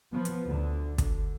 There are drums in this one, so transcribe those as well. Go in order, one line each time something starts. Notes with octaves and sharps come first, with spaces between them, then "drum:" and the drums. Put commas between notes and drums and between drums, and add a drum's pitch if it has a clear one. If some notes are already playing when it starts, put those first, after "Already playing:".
F3 B3
drum: hi-hat
D2 D3
D3, drum: kick, hi-hat